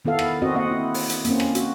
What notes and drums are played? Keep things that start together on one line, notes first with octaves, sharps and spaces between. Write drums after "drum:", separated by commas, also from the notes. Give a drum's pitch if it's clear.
D#3 B3 E4 A4 F5
drum: rim click
C4 F#4 D#5
A#3 C4 D#5 F#5
E4
drum: open hi-hat
drum: hi-hat
A#3 C4 C#4, drum: hi-hat
drum: rim click
F#4, drum: hi-hat